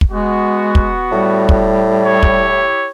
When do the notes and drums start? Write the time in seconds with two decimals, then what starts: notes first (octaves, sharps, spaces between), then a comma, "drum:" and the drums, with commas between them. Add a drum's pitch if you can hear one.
0.01 drum: kick
0.12 G#3 B3 F#4
0.75 drum: kick
1.12 A2 G3
1.49 drum: kick
2.02 E4 G4 C#5
2.23 drum: kick